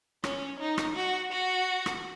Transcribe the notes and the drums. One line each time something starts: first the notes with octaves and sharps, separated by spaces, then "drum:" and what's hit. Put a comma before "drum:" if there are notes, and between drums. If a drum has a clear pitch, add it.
C#4, drum: rim click
D#4
drum: rim click
F#4
F#4
drum: rim click